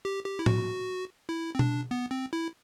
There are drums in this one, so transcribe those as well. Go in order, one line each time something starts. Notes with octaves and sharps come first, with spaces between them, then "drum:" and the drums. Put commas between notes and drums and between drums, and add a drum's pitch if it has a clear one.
G4
G4
E4
F#4, drum: tom
E4
C4
D4, drum: tom B2
B3
C4
E4